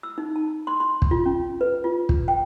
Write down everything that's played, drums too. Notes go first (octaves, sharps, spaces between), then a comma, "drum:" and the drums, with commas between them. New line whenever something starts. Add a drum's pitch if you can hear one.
E6
D#4
A5
C6
C6
drum: kick
F4
C#4
B4
F4
drum: kick
G5